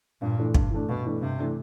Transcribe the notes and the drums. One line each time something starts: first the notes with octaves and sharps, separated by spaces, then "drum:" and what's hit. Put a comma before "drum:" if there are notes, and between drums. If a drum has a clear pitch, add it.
G2 A#2
E3 A3 D4
G2, drum: kick
E3 A3 D4
G2 B2
E3 A3 D4
G2 C3
E3 A3 D4